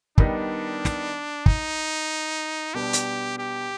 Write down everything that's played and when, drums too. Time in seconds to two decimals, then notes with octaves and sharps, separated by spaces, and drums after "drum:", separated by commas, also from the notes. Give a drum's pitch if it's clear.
0.18 D#3 G3 B3 D4 D#4, drum: kick
0.85 drum: snare
1.46 D#4, drum: kick
2.74 B2 G3 B3 D4 G4
2.93 drum: hi-hat
3.39 G4